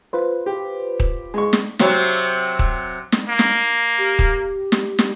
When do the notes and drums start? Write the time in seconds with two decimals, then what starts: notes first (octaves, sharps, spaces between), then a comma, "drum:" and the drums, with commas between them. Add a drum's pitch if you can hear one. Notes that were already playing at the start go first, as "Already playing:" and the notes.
0.13 F4 B4 C5
0.46 G4
1.00 drum: kick D#1
1.34 G#3 C#6
1.53 drum: snare
1.79 C3 F#3 C4, drum: snare
2.59 drum: kick D#1
3.12 drum: snare
3.29 A#3
3.39 drum: snare
3.99 G4
4.19 drum: kick D#1
4.72 drum: snare
4.99 drum: snare